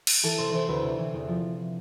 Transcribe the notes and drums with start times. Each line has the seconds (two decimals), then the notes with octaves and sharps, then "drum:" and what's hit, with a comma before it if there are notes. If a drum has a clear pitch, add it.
0.07 drum: cymbal
0.23 E3 A4
0.38 C3 C5
0.53 E3 C5
0.68 D2 B4
0.83 C3
0.98 E3
1.14 E2
1.28 F3